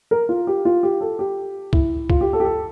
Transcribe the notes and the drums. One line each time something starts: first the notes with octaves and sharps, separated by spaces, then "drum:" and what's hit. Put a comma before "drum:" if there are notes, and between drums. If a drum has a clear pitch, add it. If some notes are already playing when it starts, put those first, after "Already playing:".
A#4
F4
G4
F4
G4
A4
G4
E4, drum: kick C2
F4, drum: kick C2
G4
A4
G4
A4